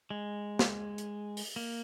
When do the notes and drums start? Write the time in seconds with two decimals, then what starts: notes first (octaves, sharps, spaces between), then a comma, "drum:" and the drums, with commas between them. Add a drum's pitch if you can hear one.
0.11 G#3
0.59 drum: snare
0.98 drum: hi-hat
1.37 drum: open hi-hat
1.56 A#3